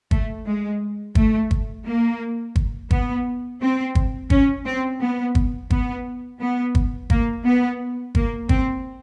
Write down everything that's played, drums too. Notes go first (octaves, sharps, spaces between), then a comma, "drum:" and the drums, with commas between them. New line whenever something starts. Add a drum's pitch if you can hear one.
A3, drum: kick
G#3
A3, drum: kick
drum: kick
A#3
drum: kick
B3, drum: kick
C4
drum: kick
C#4, drum: kick
C4
B3
drum: kick
B3, drum: kick
B3
drum: kick
A#3, drum: kick
B3
A#3, drum: kick
C4, drum: kick